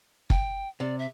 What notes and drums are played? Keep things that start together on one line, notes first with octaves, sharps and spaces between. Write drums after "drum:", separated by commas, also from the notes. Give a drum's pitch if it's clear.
G5, drum: kick
C3 D5
E5